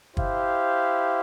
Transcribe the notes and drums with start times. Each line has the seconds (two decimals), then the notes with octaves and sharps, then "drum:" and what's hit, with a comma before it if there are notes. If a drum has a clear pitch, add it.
0.17 E4 G4 C5 F5, drum: kick